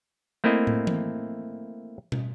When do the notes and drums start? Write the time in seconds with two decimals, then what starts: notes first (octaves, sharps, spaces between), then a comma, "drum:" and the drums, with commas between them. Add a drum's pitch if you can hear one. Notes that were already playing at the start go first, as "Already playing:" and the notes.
0.44 A3 A#3 C4 E4 D#5
0.67 drum: tom
0.87 drum: tom E3
2.12 drum: tom